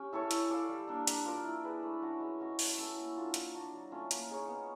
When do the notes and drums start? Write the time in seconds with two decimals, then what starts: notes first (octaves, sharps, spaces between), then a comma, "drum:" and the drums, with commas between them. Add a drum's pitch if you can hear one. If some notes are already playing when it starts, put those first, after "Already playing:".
Already playing: C#4 G4
0.13 E4 A4 C#5
0.31 E4, drum: hi-hat
0.50 A4 D5 F5
0.69 G3
0.88 A#3 D4
1.07 D4, drum: hi-hat
1.25 F4 A#4 D5
1.44 E4
1.64 G#4 B4
1.83 A3
2.02 C#4 F#4
2.20 G#3
2.40 C#4 F#4
2.59 A3, drum: open hi-hat
2.77 C#4 E4 A4
2.97 A#3
3.16 D4 F4 A4
3.34 A#3, drum: hi-hat
3.54 D4 F#4
3.73 F#3
3.92 A3 C#4 F4
4.11 A#3, drum: hi-hat
4.29 D#4 G#4 C#5
4.48 B3